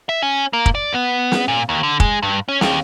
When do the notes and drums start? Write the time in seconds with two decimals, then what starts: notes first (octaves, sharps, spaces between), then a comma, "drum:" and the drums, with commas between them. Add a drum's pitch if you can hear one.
0.09 E5
0.22 C#4
0.53 A#3
0.66 drum: kick
0.75 D5
0.94 B3
1.32 drum: snare
1.48 A#2
1.69 D#2
1.83 D3
2.00 G#3, drum: kick
2.23 G2
2.48 C#4
2.61 D#2, drum: snare